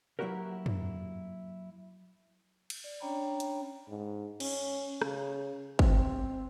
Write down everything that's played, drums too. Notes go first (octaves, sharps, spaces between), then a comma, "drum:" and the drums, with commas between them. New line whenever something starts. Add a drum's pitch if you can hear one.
F#3 A#3 E4 F#4 G4 A#4
drum: tom
drum: cymbal
D5
C#4 D4 C#5 G5 A#5 B5
drum: hi-hat
G#2
C#4, drum: cymbal
C#3, drum: rim click
C4, drum: kick